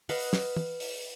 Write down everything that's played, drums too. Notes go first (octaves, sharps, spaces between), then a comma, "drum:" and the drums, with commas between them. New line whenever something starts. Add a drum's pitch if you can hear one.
B4 D#5 F5 F#5, drum: open hi-hat
drum: snare
drum: tom
drum: open hi-hat